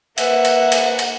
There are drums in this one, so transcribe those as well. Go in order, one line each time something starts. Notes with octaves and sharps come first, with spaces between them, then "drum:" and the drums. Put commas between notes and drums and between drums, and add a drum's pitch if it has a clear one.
A#3 B4 E5 F#5, drum: cymbal
drum: cymbal
drum: cymbal
drum: cymbal